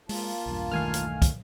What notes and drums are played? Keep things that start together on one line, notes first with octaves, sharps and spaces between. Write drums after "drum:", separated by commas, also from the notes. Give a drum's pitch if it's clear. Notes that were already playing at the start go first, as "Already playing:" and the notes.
G#3 A#3 F4 A5, drum: open hi-hat
B1 E2 G2
D#3 A3 F5 G#5 F6
drum: hi-hat
drum: kick, hi-hat